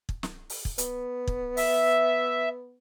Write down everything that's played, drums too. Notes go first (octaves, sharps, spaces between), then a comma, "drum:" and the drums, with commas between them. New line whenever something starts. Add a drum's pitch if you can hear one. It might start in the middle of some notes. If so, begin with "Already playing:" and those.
drum: kick
drum: snare
drum: open hi-hat
drum: kick
B3, drum: hi-hat
drum: kick
E5, drum: open hi-hat